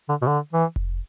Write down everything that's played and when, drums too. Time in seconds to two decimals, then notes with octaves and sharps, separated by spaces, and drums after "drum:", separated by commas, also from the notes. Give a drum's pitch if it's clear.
0.09 D3
0.22 B2
0.27 D3
0.53 E3
0.76 drum: kick F1